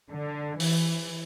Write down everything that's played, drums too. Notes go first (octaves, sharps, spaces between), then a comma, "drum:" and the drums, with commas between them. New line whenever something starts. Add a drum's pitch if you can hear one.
D3
E3, drum: open hi-hat